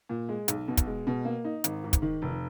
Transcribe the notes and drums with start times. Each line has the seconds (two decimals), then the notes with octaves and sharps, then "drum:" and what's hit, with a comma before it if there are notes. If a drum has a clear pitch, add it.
0.09 A#2
0.29 G#3
0.48 B1, drum: hi-hat
0.68 B2
0.77 drum: kick, hi-hat
0.86 G#3
1.07 B2
1.25 A#3
1.44 D#4
1.64 G#1, drum: hi-hat
1.84 G#2
1.93 drum: kick, hi-hat
2.02 D#3
2.22 F1